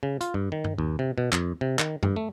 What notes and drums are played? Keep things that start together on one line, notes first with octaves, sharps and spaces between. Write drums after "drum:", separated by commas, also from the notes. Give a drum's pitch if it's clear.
C#3
F4, drum: hi-hat
G2
D#3
drum: tom G2
D#2
C3
B2
F2, drum: clap
C3
D#3, drum: clap
G2, drum: tom F#2
A3